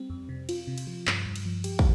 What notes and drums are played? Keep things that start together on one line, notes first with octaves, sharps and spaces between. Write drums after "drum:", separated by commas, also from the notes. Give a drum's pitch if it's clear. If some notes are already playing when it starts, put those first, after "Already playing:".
Already playing: G3 C4
F2
C3
F4, drum: cymbal
C3
drum: cymbal
F3
G2, drum: clap
G2
drum: cymbal
F3
G4, drum: cymbal
drum: kick